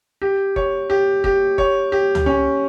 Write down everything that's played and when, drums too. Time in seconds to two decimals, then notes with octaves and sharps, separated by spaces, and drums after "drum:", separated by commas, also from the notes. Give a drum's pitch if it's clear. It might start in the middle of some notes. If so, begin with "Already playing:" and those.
0.22 G4
0.56 C#5, drum: kick F#1
0.90 G4
1.24 G4, drum: kick F#1
1.58 C#5, drum: kick F#1
1.92 G4
2.15 drum: tom C#2
2.26 C#4